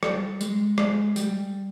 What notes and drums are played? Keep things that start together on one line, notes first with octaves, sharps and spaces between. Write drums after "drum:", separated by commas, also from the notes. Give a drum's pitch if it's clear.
G3, drum: rim click
G#3, drum: tambourine
G#3, drum: rim click
G3, drum: tambourine